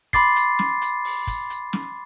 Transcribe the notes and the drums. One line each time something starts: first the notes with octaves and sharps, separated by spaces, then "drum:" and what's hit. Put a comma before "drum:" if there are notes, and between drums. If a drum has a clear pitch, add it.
B5 C6 D6 A6 C7, drum: kick, hi-hat
drum: hi-hat
drum: snare
drum: hi-hat
drum: open hi-hat
drum: kick, hi-hat
drum: hi-hat
drum: snare